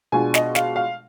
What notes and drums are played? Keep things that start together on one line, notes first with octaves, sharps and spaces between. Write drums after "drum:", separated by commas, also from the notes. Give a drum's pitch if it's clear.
B2 G#3 D4 F4 G#5
D#5, drum: snare
F5, drum: snare
F5